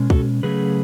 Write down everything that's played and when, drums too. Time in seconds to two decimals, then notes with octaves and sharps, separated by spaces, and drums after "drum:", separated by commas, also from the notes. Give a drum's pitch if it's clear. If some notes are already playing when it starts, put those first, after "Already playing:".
Already playing: B2 G#3 C#4
0.10 F#4 A4, drum: kick
0.43 C#3 F#3 A3 C#4 G#4 B4